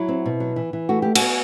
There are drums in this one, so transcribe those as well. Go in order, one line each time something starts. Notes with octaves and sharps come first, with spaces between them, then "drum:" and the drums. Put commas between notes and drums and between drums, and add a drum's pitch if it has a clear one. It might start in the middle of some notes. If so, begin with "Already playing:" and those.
Already playing: F#3 E4
C4
B2
F#3
E3
E3
A3 F#4
A3 G4
F#4, drum: cymbal
B3